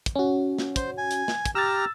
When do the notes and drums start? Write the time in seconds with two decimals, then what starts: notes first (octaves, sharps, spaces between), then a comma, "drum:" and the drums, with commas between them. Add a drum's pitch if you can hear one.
0.06 drum: kick, hi-hat
0.15 C#4 F#4
0.58 drum: snare
0.76 C5, drum: kick, hi-hat
0.98 G#5
1.11 drum: hi-hat
1.28 drum: snare
1.46 drum: kick, hi-hat
1.55 G4 A#5 E6 F6 A6